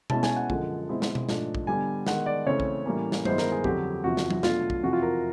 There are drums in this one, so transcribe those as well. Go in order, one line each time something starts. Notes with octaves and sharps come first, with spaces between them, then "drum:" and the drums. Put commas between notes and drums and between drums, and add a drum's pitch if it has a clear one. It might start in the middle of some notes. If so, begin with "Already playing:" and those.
B2 G#3 C#4 E4 A5, drum: tom B2
G#5, drum: snare
F#5
F#2 D3 F3 G#3, drum: kick A#1
B2 G#3 C4 E4
drum: snare
drum: tom B2
G#2 F3 A3 D4, drum: snare
drum: kick A#1
D3 G3 B3 D4 G#5
D#3 G#3 B3 F#5, drum: snare
D5
C#3 E3 A3 C4 C#5
drum: kick A#1
A2 E3 G3 A#3 C#4
drum: snare
G2 D#3 G#3 B3 E4 C5, drum: tom F#3
A#4, drum: snare
G#4
F2 D3 F#3 G4, drum: kick A#1
E2 C3 F3 F#4
drum: snare
drum: tom F#3
B2 F#3 A3 D4 F4, drum: snare
drum: kick A#1
F2 C3 E3 F#4
F4
A#4